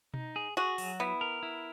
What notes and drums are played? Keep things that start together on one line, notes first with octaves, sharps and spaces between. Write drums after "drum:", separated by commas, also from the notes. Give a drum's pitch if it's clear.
D#4, drum: tom B2
G#4
F#4 G#4
F#3, drum: open hi-hat
B3 E4
A#4
E4